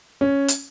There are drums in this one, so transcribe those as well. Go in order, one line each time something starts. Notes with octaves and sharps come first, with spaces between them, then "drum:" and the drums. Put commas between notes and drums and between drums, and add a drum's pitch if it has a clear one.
C#4
drum: hi-hat